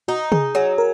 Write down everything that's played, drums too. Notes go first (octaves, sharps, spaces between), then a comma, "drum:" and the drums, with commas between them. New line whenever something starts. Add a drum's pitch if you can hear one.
D#4 F#4
G#4, drum: tom
F#3 G#4
A#4